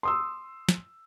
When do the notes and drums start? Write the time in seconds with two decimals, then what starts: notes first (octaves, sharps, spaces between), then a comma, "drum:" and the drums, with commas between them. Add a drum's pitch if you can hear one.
0.03 C6 D#6 E6
0.69 drum: snare